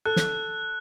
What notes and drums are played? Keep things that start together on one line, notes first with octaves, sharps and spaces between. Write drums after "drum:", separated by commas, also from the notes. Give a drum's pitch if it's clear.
A4 F#6
drum: snare